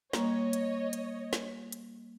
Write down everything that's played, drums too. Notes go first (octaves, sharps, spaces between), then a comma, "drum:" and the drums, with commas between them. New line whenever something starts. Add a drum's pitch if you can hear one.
G3 A#3 C#5 D#5, drum: snare
drum: hi-hat
drum: hi-hat
drum: snare
drum: hi-hat